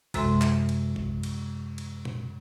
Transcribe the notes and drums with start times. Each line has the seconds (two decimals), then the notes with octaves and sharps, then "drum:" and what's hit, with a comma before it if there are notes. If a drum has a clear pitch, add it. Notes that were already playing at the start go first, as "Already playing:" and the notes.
0.14 F#2 C3 G#3 A4 E5 C6, drum: kick, cymbal
0.42 drum: clap
0.69 drum: cymbal
0.96 drum: kick
1.23 drum: cymbal
1.78 drum: cymbal
2.05 drum: tom A#2